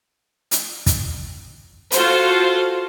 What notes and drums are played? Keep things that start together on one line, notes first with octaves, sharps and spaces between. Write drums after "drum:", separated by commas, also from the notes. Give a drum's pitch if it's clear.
drum: hi-hat
drum: kick, hi-hat
F4 F#4 A4 C5, drum: hi-hat